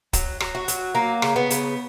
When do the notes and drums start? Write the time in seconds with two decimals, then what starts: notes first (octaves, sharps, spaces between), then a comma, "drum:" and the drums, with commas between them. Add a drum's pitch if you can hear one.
0.13 F#3, drum: kick, hi-hat
0.40 F#3, drum: rim click
0.55 F#4
0.68 F#3, drum: hi-hat
0.95 F#3 A#3
1.22 C#3, drum: rim click
1.36 B3
1.50 C#3, drum: hi-hat